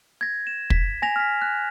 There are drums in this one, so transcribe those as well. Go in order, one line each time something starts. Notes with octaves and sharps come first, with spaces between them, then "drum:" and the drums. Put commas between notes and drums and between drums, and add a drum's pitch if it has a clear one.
G#6 A#6
E7
B6, drum: kick
G#5 A#6 F7
F6 B6
F#6